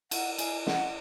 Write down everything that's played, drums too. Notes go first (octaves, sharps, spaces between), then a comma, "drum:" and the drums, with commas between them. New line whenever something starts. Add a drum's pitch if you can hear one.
F#5, drum: cymbal
G#5, drum: cymbal
F#5, drum: snare